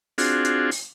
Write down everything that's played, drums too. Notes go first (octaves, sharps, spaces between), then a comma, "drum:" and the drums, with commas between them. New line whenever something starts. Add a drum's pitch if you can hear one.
C4 D4 F4 F#4 G#4, drum: open hi-hat
drum: hi-hat
drum: open hi-hat